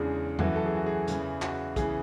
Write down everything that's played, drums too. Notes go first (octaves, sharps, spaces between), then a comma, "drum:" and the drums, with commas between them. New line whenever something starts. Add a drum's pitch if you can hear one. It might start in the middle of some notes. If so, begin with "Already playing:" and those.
Already playing: E2 C#3 G#3 D4 G#4
F#2 E3 A3 F#4, drum: tom E2
A4
G#4
F#4
G#4
E2 C#3 E3, drum: hi-hat
F#4, drum: clap
C#3 E3 B3 G#4, drum: kick, hi-hat